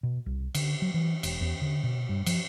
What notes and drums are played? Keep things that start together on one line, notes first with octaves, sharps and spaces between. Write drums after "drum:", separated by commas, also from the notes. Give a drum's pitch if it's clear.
B2
C2
D3, drum: cymbal
F#3
E3
E1, drum: cymbal
E2
D3
B2
G2
F3, drum: cymbal